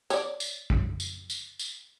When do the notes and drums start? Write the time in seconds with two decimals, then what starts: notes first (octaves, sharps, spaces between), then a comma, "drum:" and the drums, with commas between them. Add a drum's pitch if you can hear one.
0.10 C#5 D5, drum: tambourine
0.40 drum: tambourine
0.70 drum: kick
1.00 drum: tambourine
1.30 drum: tambourine
1.60 drum: tambourine